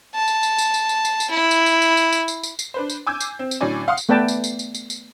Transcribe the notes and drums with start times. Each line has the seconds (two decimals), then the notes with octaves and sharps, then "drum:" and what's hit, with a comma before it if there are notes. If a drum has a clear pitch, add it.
0.15 A5
0.28 drum: tambourine
0.43 drum: tambourine
0.58 drum: tambourine
0.74 drum: tambourine
0.89 drum: tambourine
1.05 drum: tambourine
1.20 drum: tambourine
1.30 E4
1.51 drum: tambourine
1.66 drum: tambourine
1.82 drum: tambourine
1.97 drum: tambourine
2.13 drum: tambourine
2.28 drum: tambourine
2.43 drum: tambourine
2.59 drum: tambourine
2.74 D4 B4 C5
2.90 drum: tambourine
3.07 G#5 D6 E6 G6 G#6
3.20 drum: tambourine
3.39 C4
3.51 drum: tambourine
3.61 A2 D3 F#3 C#4 D5 G#5
3.88 F5 F#5 C6 D#6 F6
3.98 drum: tambourine
4.09 A3 B3 B4 D5 G5 A5
4.28 drum: tambourine
4.44 drum: tambourine
4.59 drum: tambourine
4.75 drum: tambourine
4.90 drum: tambourine